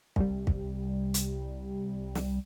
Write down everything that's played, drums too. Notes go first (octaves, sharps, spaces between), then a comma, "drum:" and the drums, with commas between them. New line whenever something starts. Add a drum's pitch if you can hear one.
C2 G3, drum: kick
drum: kick
drum: hi-hat
drum: snare